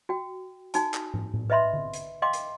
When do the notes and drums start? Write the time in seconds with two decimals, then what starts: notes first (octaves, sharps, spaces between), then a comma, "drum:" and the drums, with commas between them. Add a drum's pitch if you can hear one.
0.09 F#4 G5
0.74 D#4 F#4 G#5, drum: hi-hat
0.94 drum: clap
1.14 drum: tom
1.34 drum: tom A2
1.50 B4 D#5 E5 B5 C6
1.74 drum: tom D3
1.94 drum: hi-hat
2.22 D#5 F5 G5 C6 D6
2.33 drum: hi-hat